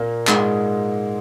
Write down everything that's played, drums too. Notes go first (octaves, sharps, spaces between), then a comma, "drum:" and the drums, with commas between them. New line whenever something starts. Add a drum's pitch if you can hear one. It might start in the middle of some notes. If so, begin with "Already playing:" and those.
Already playing: A#2 A#3
G#2 G#3, drum: clap